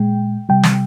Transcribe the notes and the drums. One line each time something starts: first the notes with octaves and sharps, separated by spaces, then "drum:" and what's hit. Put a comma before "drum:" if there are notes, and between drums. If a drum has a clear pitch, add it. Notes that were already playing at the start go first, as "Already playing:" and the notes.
Already playing: A#2 G#3 G5
C3 G3 G5
drum: snare